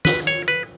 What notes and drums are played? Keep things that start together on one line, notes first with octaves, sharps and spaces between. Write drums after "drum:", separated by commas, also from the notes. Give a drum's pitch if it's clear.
B4, drum: snare
C#5
B4